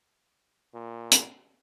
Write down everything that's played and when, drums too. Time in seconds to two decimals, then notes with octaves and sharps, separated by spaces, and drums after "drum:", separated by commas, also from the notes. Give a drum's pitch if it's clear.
0.74 A#2
1.12 drum: hi-hat